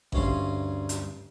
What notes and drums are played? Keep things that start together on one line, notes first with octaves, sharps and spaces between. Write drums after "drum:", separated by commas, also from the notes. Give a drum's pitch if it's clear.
D2 G2 C#4 F5 C6, drum: kick A1
drum: hi-hat